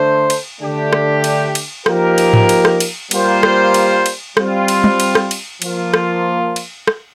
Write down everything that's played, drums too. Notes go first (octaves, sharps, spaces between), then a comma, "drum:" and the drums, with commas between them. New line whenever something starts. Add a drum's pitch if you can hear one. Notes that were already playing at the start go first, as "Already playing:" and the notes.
Already playing: D3 A3 D4 A4 C5
drum: cymbal
D3 A3 D4 G4
drum: rim click
drum: cymbal
drum: cymbal
F3 A#3 D#4 G4 A#4, drum: rim click
drum: cymbal
drum: tom G#2
drum: cymbal
drum: rim click
drum: cymbal
G3 A#3 F4 C5, drum: cymbal
drum: rim click
drum: cymbal
drum: cymbal
G3 C4 F4, drum: rim click
drum: cymbal
drum: tom G3
drum: cymbal
drum: rim click
drum: cymbal
F3 A#3 F4, drum: cymbal
drum: rim click
drum: cymbal
drum: rim click